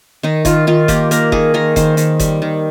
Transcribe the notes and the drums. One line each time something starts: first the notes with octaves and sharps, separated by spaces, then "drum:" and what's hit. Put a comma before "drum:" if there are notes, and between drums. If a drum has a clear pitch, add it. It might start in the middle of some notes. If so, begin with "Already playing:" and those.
D#3 D#4
D#3 F4, drum: kick F#1, hi-hat
D#3 F4
A#3 G4, drum: kick F#1, hi-hat
A#3 A#4, drum: hi-hat
D#3 G#4, drum: kick F#1
D#3 A#4
D#3 C5, drum: kick F#1, hi-hat
D#3, drum: hi-hat
G3, drum: kick F#1, hi-hat
D#3